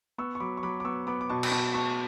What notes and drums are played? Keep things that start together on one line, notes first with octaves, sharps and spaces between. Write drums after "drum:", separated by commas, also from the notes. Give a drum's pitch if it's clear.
B3 C#6 E6
C#6
F#3 B5 D6
C#6
F#3 B5 D6
D6
B3 C#6 E6
B3 B5 D6
D6
B2 A5 C#6
B5, drum: cymbal
B2 A5 C#6
B3 A5 C#6